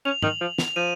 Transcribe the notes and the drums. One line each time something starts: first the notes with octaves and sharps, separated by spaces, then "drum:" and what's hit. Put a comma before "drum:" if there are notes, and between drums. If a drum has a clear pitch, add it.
C#4 F7
D#3 F#7, drum: tom
F3
F7, drum: snare
F3 D#7